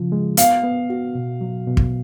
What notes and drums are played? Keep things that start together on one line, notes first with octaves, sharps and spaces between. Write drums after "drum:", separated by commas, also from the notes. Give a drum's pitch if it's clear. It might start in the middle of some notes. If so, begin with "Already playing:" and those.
Already playing: C#3 F3 F4
G#3
B3 F5, drum: hi-hat
B3
F#4
B2
F#3
B2
drum: kick